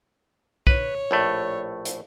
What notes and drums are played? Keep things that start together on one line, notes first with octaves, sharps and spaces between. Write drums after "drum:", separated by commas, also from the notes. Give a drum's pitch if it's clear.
B4 C#5, drum: kick B1
A#1 A2 A3
drum: hi-hat